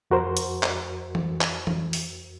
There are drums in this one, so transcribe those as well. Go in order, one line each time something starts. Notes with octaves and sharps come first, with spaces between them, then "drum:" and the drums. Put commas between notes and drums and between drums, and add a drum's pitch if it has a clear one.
F2 F#4 A#4 C5
drum: hi-hat
drum: clap
drum: tom E3
drum: clap
drum: tom E3
drum: open hi-hat